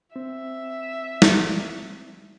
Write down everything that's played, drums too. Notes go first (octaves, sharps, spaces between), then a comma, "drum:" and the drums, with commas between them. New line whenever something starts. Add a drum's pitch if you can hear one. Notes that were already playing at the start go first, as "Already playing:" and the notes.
C4 E5
drum: snare